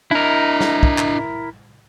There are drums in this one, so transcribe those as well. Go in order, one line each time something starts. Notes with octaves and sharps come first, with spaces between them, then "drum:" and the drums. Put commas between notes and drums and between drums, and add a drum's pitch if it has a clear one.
D4 E4 A#4 D#5
drum: snare
drum: kick
drum: clap